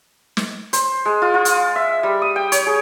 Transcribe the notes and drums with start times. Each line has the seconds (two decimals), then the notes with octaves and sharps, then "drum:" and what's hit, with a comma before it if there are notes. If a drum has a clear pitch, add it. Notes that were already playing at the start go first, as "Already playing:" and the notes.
0.37 drum: snare
0.73 C5, drum: hi-hat
1.05 G#3
1.22 F4
1.34 F4
1.45 drum: hi-hat
1.76 E5
2.03 G3
2.22 D#6
2.36 G5
2.52 C#5, drum: hi-hat
2.67 G#4